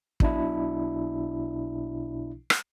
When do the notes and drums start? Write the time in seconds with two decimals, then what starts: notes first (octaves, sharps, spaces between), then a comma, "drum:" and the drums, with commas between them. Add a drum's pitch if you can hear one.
0.20 B1 B2 D4 E4, drum: kick
2.50 drum: rim click